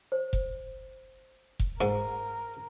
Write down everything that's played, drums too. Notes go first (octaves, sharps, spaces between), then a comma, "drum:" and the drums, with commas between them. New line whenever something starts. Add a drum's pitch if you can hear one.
C5
drum: kick F1
drum: kick F1
G#2 A#4